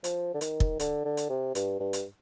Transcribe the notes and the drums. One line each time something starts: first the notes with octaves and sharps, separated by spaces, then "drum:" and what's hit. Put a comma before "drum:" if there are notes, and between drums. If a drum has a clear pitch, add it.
F3, drum: hi-hat
D3
D#3, drum: hi-hat
drum: kick
D3, drum: hi-hat
D3
drum: hi-hat
C3
G2, drum: hi-hat
G2
drum: hi-hat